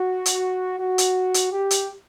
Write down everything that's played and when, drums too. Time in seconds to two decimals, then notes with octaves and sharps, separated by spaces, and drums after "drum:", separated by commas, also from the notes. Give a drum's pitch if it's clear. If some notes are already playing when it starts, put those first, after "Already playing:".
Already playing: F#4
0.26 drum: hi-hat
0.80 F#4
0.98 drum: hi-hat
1.34 drum: hi-hat
1.53 G4
1.71 drum: hi-hat